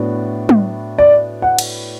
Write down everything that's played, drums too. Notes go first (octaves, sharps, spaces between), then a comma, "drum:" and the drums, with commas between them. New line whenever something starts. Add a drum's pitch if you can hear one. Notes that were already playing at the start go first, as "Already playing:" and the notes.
Already playing: A2 B3 D4 F#4
drum: tom
D5
F#5
drum: cymbal